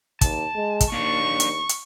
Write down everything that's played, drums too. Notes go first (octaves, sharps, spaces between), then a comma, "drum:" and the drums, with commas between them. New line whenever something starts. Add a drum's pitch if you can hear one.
D#2 A5, drum: kick, hi-hat
G#3
drum: kick, hi-hat
D#2 A#3 D4 F5 C#6
drum: hi-hat
drum: hi-hat